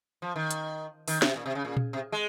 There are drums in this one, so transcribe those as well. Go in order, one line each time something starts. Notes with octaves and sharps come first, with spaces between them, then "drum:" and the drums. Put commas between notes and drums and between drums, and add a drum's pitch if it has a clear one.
F3
D#3
drum: hi-hat
D#3, drum: open hi-hat
C3, drum: snare
A#2
C3
C#3
A#2
drum: tom A#2
C3
G#3